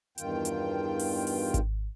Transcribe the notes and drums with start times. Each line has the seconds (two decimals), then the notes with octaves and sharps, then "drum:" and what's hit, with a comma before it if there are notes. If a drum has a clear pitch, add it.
0.18 E2 G2 D#3 F4 G5, drum: hi-hat
0.45 drum: hi-hat
0.99 drum: open hi-hat
1.27 drum: open hi-hat
1.54 drum: kick G#1, hi-hat